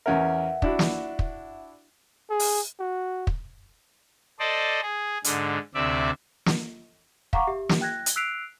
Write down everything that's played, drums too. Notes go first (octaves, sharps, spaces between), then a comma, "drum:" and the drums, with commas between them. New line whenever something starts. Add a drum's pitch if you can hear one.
E2 C#4 A#4 E5 F#5
D4 E4 F#4, drum: kick
drum: snare
drum: kick
G#4
drum: open hi-hat
F#4
drum: kick
A4 C5 D5 D#5
G#4
G#2 D3, drum: hi-hat
D2 C3 D5 E5
drum: snare
F5 F#5 A#5 C#6 D6, drum: kick
G4 E5
drum: snare
G5 F#6 G#6 A#6
drum: hi-hat
E6 F#6 B6 C7 D7 F7